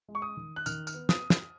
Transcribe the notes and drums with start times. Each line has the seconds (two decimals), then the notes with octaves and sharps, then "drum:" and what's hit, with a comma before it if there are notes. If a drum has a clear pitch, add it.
0.08 G#3
0.15 C#6
0.22 D#6
0.37 D#3
0.56 F#6
0.66 D#3 F6, drum: tambourine
0.87 F6, drum: tambourine
0.94 B3
1.09 D#6, drum: snare
1.30 drum: snare